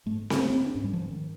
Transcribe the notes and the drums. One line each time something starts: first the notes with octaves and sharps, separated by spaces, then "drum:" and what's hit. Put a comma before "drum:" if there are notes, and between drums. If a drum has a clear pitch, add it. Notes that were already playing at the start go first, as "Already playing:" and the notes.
G#2 A3
drum: snare C4
A#3
C4
D4
G#2 C#4
G3
F3
E3
D#3